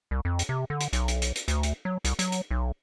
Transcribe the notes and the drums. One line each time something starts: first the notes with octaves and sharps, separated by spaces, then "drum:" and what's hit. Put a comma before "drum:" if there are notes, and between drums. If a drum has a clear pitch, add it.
C2
F2
drum: hi-hat
C3
D3
drum: hi-hat
B1, drum: hi-hat
drum: hi-hat
drum: hi-hat
drum: hi-hat
D2, drum: hi-hat
drum: hi-hat
F#3
C2, drum: hi-hat
F#3, drum: hi-hat
drum: hi-hat
B1